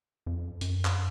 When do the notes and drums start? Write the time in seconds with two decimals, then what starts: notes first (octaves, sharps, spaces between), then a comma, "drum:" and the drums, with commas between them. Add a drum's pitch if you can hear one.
0.26 F2
0.61 F#2, drum: hi-hat
0.85 drum: clap